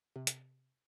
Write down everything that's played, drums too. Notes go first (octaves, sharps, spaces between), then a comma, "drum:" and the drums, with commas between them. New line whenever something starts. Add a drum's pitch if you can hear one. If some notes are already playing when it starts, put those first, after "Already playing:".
C3
drum: hi-hat